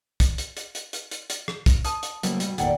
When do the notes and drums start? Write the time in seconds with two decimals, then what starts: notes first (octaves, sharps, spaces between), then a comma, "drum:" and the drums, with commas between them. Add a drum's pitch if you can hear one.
0.20 drum: kick, hi-hat
0.38 drum: hi-hat
0.57 drum: hi-hat
0.75 drum: hi-hat
0.93 drum: hi-hat
1.11 drum: hi-hat
1.30 drum: hi-hat
1.48 drum: rim click
1.66 drum: kick, hi-hat
1.85 A5 D#6, drum: hi-hat
2.03 drum: hi-hat
2.23 C#3 F#3 G3 A3 A#3 C4, drum: hi-hat
2.40 G2 B2 G3, drum: hi-hat
2.58 G#1 E2 A#2 D#3 A4 D5 F#5 G5, drum: hi-hat